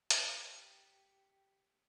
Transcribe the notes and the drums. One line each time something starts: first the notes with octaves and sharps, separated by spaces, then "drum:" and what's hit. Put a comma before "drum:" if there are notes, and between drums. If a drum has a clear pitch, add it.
G4 B6 C#7, drum: hi-hat